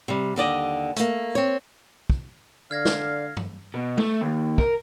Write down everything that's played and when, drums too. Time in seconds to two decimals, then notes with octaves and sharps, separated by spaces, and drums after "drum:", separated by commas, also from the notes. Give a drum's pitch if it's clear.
0.08 C3 G3
0.36 D#2 D3 D5 D#5
0.96 A3 A#3, drum: hi-hat
1.35 C4 C#5
2.10 drum: kick
2.71 D3 D5 F5 F6 G#6 A#6
2.85 drum: snare
3.37 drum: tom
3.74 B2
3.98 A3, drum: tom G#3
4.22 D#2
4.58 A#4, drum: kick